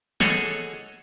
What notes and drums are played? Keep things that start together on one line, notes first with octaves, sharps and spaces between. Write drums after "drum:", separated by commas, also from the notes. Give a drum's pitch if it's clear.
G#4 A4 C#5 D#5 F#5 G#5, drum: snare